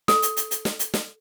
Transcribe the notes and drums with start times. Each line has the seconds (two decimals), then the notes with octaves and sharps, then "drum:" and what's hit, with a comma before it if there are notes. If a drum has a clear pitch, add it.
0.08 A4, drum: snare
0.22 drum: hi-hat
0.37 drum: hi-hat
0.51 drum: hi-hat
0.65 drum: snare
0.79 drum: hi-hat
0.94 drum: snare